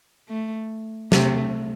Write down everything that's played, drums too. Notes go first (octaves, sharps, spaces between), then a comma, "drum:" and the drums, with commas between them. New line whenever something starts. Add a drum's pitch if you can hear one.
A3
C3 A3, drum: snare